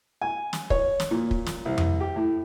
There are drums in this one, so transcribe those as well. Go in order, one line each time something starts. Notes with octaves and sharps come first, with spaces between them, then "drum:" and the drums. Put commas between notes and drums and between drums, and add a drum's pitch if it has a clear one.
G#5
drum: snare
C#5, drum: kick
drum: snare
A#2
drum: kick
drum: snare
C2
drum: tom F2
G4
A2